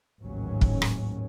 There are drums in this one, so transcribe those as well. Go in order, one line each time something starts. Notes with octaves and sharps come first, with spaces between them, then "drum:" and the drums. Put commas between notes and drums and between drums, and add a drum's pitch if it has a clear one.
A1 D#2 G#2 F#3 C#4
drum: kick
drum: rim click